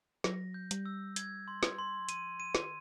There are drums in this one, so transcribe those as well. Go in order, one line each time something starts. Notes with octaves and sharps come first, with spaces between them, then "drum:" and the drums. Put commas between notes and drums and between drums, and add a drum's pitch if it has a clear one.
F#3 A#6, drum: snare
G6
G3, drum: hi-hat
E6
G#6, drum: hi-hat
C6
drum: snare
C6
F#3
F3 D#7, drum: hi-hat
D#7
D#3, drum: snare